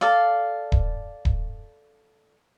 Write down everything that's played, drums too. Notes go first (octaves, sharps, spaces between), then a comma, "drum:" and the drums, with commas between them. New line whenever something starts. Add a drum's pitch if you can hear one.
A4 D5 F5
drum: kick D#1
drum: kick D#1